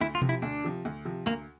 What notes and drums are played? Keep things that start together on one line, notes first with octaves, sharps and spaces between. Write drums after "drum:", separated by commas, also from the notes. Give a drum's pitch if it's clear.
D2 E4
F4
C3 F3, drum: tom B2
E4
D2 D4
C3 F3
D2
C3 F3
D2 A#3